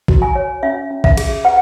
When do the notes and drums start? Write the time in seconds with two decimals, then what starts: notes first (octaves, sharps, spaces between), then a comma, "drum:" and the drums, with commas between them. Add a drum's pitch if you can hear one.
0.08 F#4, drum: kick A1
0.22 G#5
0.35 C#5
0.63 C#4 E5
0.90 C#4
1.04 E5, drum: kick A1
1.17 G#4, drum: cymbal
1.45 B4 F#5